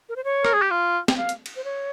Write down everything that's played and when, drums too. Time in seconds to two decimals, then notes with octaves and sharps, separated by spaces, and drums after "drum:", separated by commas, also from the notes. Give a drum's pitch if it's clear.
0.09 A#4
0.16 C5
0.24 C#5
0.45 A#4, drum: rim click
0.53 G#4
0.62 G4
0.71 F4
1.08 G5, drum: snare
1.17 F5
1.29 drum: hi-hat
1.46 drum: cymbal
1.56 C5
1.64 C#5